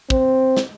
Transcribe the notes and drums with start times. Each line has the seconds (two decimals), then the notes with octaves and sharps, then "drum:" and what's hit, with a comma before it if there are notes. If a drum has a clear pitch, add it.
0.10 C4, drum: kick
0.57 drum: snare